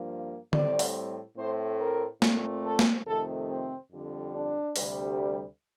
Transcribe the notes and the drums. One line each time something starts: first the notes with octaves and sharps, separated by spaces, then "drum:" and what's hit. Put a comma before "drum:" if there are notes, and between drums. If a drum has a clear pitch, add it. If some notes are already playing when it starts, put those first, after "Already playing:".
Already playing: G2 F3 A#3
A2 G3 C4 D5, drum: tom
drum: open hi-hat
A2 A3 C4 C5
A#4
A#2 A3 C4, drum: snare A#3
A4
drum: snare A#3
F2 C3 D#3 A3 C4 A4
C4
F2 D3 G3
D4
D2 C3 G3, drum: open hi-hat